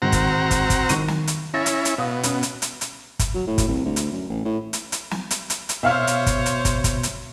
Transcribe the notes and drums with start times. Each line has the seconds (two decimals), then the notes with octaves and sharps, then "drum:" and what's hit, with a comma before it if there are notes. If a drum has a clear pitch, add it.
0.02 G#2 D#3 C4 F#4 A#5
0.12 drum: kick, hi-hat
0.51 drum: kick, hi-hat
0.70 drum: kick, hi-hat
0.89 D#3 C#6 D#7, drum: hi-hat
1.08 drum: snare
1.27 drum: hi-hat
1.54 C#4 E4 A6 A#6
1.66 drum: hi-hat
1.85 drum: hi-hat
1.98 B2 F5 D#6
2.23 B3 C#4, drum: hi-hat
2.43 drum: hi-hat
2.62 drum: hi-hat
2.81 drum: hi-hat
3.19 drum: kick, hi-hat
3.34 F#3
3.47 A2
3.58 drum: kick, hi-hat
3.68 C2
3.85 D2
3.96 drum: hi-hat
4.12 F#2
4.29 A1
4.45 A2
4.73 drum: hi-hat
4.92 drum: hi-hat
5.11 drum: snare
5.31 drum: hi-hat
5.50 drum: hi-hat
5.69 drum: hi-hat
5.83 B2 C5 C#5 E5 F5 F6
6.07 drum: hi-hat
6.27 drum: kick, hi-hat
6.46 drum: hi-hat
6.65 drum: kick, hi-hat
6.84 drum: kick, hi-hat
7.03 drum: hi-hat